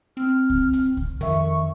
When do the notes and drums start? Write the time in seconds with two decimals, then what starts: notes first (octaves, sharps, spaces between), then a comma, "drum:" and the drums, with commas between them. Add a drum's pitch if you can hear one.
0.17 C4 F6
0.50 drum: kick C2
0.73 drum: hi-hat
0.97 drum: kick C2
1.21 F2 D#3 E5 C#6, drum: hi-hat